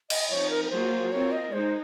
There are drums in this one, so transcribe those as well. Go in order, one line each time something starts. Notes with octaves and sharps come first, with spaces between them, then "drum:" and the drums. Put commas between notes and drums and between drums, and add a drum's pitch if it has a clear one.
D#5, drum: cymbal
F3 C4 D#4 C#5
A#4
A#4
F#3 A#3 F4 G#4 C5
C4 F4 A#4 C#5
D#5
G#3 D#4 C5